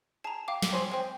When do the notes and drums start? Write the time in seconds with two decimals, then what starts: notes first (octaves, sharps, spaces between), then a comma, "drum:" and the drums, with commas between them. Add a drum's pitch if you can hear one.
0.24 G#4 A5 A#5
0.48 F5 G5 D6
0.62 drum: snare
0.73 G#4 C5 C#5
0.91 G#3 C4